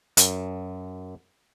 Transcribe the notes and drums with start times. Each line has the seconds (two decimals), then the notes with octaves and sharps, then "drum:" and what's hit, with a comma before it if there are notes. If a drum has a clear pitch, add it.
0.17 F#2, drum: hi-hat